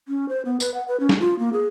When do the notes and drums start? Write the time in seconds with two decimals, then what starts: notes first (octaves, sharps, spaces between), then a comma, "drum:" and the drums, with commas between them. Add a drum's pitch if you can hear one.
0.08 C#4
0.29 C5
0.45 B3
0.60 B4, drum: tambourine
0.74 F#5
0.88 B4
1.00 C#4
1.09 drum: snare
1.20 F4
1.39 A#3
1.53 G#4